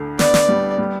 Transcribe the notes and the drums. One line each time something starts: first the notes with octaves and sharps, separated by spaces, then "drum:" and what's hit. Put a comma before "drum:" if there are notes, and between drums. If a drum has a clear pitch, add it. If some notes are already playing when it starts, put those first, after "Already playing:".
Already playing: D2 D3
B3 D5, drum: snare
drum: snare
G3
G3